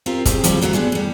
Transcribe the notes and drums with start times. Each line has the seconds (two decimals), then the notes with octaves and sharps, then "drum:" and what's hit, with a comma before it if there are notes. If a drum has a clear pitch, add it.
0.06 C4 F4 G4 A#4
0.26 C4 G4 G#4, drum: kick, hi-hat
0.44 D#2 F3 G3 C4, drum: hi-hat
0.61 G#2 F#3 A3 F4 F#5
0.73 G3 G#3 B3 D4
0.92 A2 G3